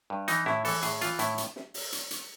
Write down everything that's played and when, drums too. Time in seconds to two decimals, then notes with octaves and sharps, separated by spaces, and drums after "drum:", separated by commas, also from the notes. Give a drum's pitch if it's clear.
0.10 G2
0.28 E3 D#4, drum: hi-hat
0.46 A2 E4, drum: snare
0.65 E3 A4, drum: open hi-hat
0.82 A2 G#4, drum: hi-hat
1.01 E3 F4, drum: hi-hat
1.19 A2 E4, drum: hi-hat
1.38 drum: hi-hat
1.56 drum: snare
1.74 drum: open hi-hat
1.92 drum: hi-hat
2.11 drum: hi-hat